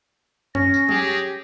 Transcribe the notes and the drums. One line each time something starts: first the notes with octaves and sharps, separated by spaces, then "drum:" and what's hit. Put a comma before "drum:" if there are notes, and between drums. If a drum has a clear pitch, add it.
C#4 A#6, drum: tom F#2
drum: tambourine
G4 G#4, drum: tom F#3